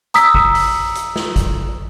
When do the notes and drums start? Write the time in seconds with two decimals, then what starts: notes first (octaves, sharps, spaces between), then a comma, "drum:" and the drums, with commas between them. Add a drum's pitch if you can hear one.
0.14 A#5 D#6 E6 B6, drum: hi-hat
0.35 drum: kick
0.55 drum: open hi-hat
0.95 drum: hi-hat
1.16 drum: snare
1.36 drum: kick, hi-hat